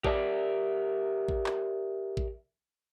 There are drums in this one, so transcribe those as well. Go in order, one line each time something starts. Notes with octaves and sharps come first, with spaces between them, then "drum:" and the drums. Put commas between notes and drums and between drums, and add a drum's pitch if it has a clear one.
G4 A#4 D5 E5, drum: kick A1
drum: kick A1
drum: clap
drum: kick A1